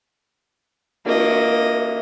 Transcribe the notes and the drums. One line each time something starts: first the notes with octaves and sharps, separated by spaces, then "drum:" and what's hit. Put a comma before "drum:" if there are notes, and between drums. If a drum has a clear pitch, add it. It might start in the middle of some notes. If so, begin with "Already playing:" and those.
A#3 D#5, drum: cymbal